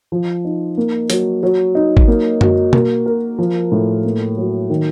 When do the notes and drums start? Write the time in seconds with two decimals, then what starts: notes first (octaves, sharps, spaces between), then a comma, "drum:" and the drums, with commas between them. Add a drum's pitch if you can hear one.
0.12 F3
0.45 D#4
0.77 A#3
1.10 F#3, drum: hi-hat
1.43 F#3
1.75 D#4
1.97 drum: kick G#1
2.08 A#3
2.41 F#4, drum: tom F#2
2.73 A#3, drum: tom B2
3.06 A#4
3.38 F3
3.72 A2
4.04 A#3
4.38 F#3
4.70 D#3